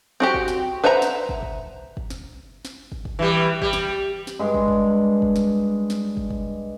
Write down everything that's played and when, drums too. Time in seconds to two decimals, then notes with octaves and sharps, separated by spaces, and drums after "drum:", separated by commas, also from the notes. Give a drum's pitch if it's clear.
0.20 C4 F#4 G4
0.34 drum: kick
0.48 drum: snare
0.84 B4 C5 E5 F#5 A#5
1.02 drum: snare
1.29 drum: kick
1.43 drum: kick
1.97 drum: kick
2.10 drum: snare
2.65 drum: snare
2.92 drum: kick
3.05 drum: kick
3.19 E3 G3
3.62 G3, drum: kick
3.73 drum: snare
4.27 drum: snare
4.39 G2 G#3
4.54 drum: kick
4.68 drum: kick
5.22 drum: kick
5.36 drum: snare
5.90 drum: snare
6.17 drum: kick
6.31 drum: kick